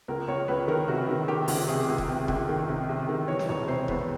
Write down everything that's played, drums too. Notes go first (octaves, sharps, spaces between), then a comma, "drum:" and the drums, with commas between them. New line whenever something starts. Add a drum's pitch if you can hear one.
C#2 A#4
C#2 C#5
C#2 B4
D#3 A#4
C3 F#4
D#3
D#3 G4
C#2, drum: open hi-hat
C3 G#4
C#2
drum: kick E1
C3
C#2, drum: kick E1
D#3
C3
C3
D#3
E3 C#5
drum: snare
E1 C#5
C3 C5
E2 B4, drum: kick E1